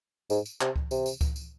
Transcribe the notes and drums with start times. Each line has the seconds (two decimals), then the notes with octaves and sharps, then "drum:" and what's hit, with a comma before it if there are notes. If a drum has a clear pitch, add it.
0.30 G#2, drum: tambourine
0.46 drum: tambourine
0.61 C3, drum: clap
0.76 drum: kick C#2
0.91 C3, drum: tambourine
1.06 drum: tambourine
1.21 drum: kick C#2, tambourine
1.36 drum: tambourine